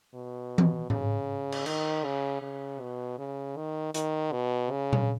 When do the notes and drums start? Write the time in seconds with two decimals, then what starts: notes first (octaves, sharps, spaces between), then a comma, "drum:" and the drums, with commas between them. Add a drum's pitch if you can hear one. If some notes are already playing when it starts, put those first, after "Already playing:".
0.14 B2
0.58 drum: tom E3
0.90 C#3, drum: tom G#2
1.52 drum: cymbal
1.66 D#3, drum: cymbal
2.05 C#3
2.42 C#3
2.81 B2
3.18 C#3
3.56 D#3
3.94 D#3, drum: hi-hat
4.32 B2
4.71 C#3
4.93 drum: tom A#2